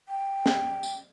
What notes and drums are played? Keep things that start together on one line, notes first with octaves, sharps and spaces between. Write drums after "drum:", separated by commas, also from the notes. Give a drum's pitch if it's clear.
G5
drum: snare
drum: tambourine